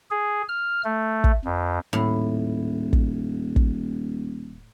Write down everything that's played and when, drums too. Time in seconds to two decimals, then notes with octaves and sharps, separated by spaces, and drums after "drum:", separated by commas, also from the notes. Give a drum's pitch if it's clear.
0.11 G#4
0.49 F6
0.84 A3
1.24 drum: kick
1.45 F2
1.93 D#1 A2
2.93 drum: kick
3.56 drum: kick